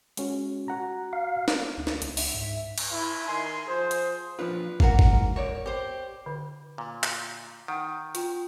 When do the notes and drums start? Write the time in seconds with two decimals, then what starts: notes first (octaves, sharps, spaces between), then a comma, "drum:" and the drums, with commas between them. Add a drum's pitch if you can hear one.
0.17 G#3 C#4 F#4, drum: hi-hat
0.68 F#4 F#5 A#5
1.13 F5
1.48 drum: snare
1.78 D2
1.87 drum: snare
2.02 C#2, drum: hi-hat
2.17 E5, drum: open hi-hat
2.35 G#2
2.78 drum: cymbal
2.92 E4
3.27 D#3 G#5 C6
3.67 F3 G#4 C5
3.91 drum: hi-hat
4.39 F3 D4 F4 B4
4.80 G#2 F#4 A#4 F5, drum: kick
4.99 drum: kick
5.36 A#4 C#5 D5 C#6
5.66 G4 C5
6.26 D3
6.78 A#2
7.03 drum: clap
7.68 D#3 F#5
8.15 F4 G5, drum: hi-hat